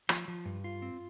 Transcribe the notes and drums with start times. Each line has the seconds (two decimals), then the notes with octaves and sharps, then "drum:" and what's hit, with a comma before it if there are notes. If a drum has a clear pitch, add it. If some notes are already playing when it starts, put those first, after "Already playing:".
0.09 F3, drum: rim click
0.28 F3
0.46 G2
0.64 F4
0.82 C4